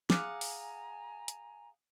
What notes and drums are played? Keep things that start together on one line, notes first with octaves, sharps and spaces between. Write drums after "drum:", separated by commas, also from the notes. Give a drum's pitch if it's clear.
G#4 F5 F#5 G#5 A#5 D6, drum: snare
drum: open hi-hat
drum: hi-hat